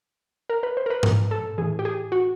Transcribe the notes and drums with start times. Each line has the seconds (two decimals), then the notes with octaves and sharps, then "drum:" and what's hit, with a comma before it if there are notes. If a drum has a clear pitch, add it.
0.50 A#4
0.63 B4
0.77 C5
0.86 A#4
0.90 B4
1.03 A#4, drum: tom G#2
1.31 A4
1.58 A2 E3 G#4
1.79 G4
1.85 G#4
2.12 F#4